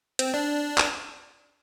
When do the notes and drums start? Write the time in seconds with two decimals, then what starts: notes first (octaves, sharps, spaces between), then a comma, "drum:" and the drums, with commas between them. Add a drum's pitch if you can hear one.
0.19 C4, drum: hi-hat
0.34 D4
0.78 drum: clap